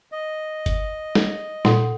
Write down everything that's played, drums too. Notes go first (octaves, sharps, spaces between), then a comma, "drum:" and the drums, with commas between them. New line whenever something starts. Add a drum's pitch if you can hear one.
D#5
drum: kick F#1, hi-hat
drum: snare
A#2 A4 F#5 C6, drum: snare